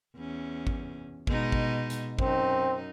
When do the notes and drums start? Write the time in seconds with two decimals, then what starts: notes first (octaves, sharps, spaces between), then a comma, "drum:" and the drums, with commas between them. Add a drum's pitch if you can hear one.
0.16 E2 C#4
0.67 drum: kick G#1
1.27 B2 G#3 D#4, drum: kick G#1
1.52 drum: kick G#1
1.90 drum: hi-hat
2.19 F#2 C4 D#4, drum: kick G#1